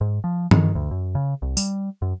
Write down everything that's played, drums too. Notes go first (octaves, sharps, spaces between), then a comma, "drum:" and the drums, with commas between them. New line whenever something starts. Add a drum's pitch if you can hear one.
G#2
F3
D#3, drum: tom G2
D2
F#2
C#3
C2
G3, drum: tambourine
F#2